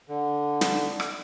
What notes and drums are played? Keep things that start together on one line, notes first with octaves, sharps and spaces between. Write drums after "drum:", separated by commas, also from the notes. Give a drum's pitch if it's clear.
D3
drum: snare
drum: rim click